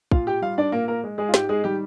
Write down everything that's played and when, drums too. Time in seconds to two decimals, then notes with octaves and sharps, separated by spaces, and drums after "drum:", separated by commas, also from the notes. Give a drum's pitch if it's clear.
0.12 A#2 F4 F5, drum: kick
0.27 G4 G5
0.42 G3 F4 F5
0.58 D4 D5
0.72 A#2 A#3 A#4
0.88 A#3 A#4
1.04 G#3
1.18 G#3 G#4
1.29 F4
1.34 G#2 G4, drum: snare
1.49 G#3 G#4
1.64 D#3 G3 G4